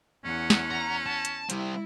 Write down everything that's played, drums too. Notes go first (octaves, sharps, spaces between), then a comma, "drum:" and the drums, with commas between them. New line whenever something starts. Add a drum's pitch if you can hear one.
E2 C#4 F#5
drum: snare
A#5
A5
drum: hi-hat
G3 C4 E4, drum: hi-hat